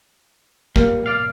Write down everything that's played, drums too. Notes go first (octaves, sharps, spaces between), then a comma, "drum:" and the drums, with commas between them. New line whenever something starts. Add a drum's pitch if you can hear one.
G3 A#3, drum: kick
D5 F5